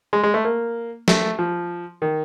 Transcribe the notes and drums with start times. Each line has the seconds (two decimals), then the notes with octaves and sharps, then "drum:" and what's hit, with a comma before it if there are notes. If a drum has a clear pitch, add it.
0.13 G#3
0.23 G#3
0.34 A3
0.45 A#3
1.08 A3, drum: snare
1.39 F3
2.02 D#3